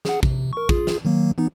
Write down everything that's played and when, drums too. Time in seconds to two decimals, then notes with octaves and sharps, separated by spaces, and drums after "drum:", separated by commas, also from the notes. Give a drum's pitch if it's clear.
0.05 G#4 F#5, drum: snare
0.23 C3, drum: kick
0.53 A#4 C#6
0.69 F4 G#4, drum: kick
0.87 drum: snare
1.05 D#3 F#3 A#3
1.38 E3 B3 D#4